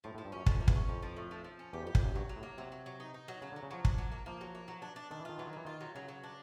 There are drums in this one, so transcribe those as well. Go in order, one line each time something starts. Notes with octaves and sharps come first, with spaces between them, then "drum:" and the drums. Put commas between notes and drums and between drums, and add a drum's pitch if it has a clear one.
A2 F3
A2
F3
G2
F#2 C#4
F2 F3, drum: kick
A#3
E2, drum: kick
C#4
F2 F3
F3
A2
F3
F3
C#4
E2 G4
F2
G4
F2, drum: kick
F#2 G4
G2 F#3
F#3
A2
A#3
C3 F#3
F#3
F#3
D#4
D#4
F#3
C#3 F#3
D3
F#3
C#3
F3 F#3
D4, drum: kick
F#3
A#3
F3 A#3
F#3
A#3
F#3
D4
D4
D#3 D4
E3
D#3 F4
E3 F#3
D#3
E3 A#3
D#3 F4
F#3
C#3 F#3
F#3
D4